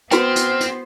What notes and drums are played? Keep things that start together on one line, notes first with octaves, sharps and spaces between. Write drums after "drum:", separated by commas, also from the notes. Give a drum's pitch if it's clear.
B3 C4 F#4 B4 C5 G5 F6, drum: hi-hat
drum: hi-hat
drum: hi-hat